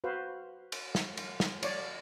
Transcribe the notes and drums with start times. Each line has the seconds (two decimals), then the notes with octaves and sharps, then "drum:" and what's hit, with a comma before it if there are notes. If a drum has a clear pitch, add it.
0.04 F#4 B4 C5 F5
0.72 drum: cymbal
0.95 drum: snare
1.17 drum: cymbal
1.40 drum: snare
1.63 C#5 D5, drum: cymbal